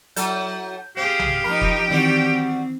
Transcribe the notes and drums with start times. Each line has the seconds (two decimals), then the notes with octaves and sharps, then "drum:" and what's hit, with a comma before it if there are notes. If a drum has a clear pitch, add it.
0.16 F#3 E4 A4 G6, drum: hi-hat
0.97 C4 G4 G#4 F5
1.19 drum: tom B1
1.44 F3 D#4 A#4 B5
1.61 drum: kick F1
1.91 D#3 E3 G3 C4 F#4